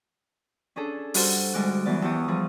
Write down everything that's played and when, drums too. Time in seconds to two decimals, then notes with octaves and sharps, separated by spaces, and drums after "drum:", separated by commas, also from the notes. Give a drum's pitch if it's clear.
0.76 C#4 D4 G#4 A4
1.14 G3 F#4 G4 A4 C5, drum: open hi-hat
1.54 D2 G3 G#3 D6 F#6
1.86 F#2 E3 B3 D5
2.02 E2 B3 G4 C#6 D#6
2.28 F3 G3 G#4